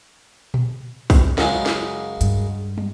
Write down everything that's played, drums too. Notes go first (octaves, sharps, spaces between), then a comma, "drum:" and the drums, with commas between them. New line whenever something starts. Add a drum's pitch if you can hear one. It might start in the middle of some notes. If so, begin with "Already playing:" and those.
drum: tom A#2
drum: kick B1, open hi-hat
F#2 C#3 G#3, drum: snare
drum: snare
G2, drum: hi-hat
drum: tom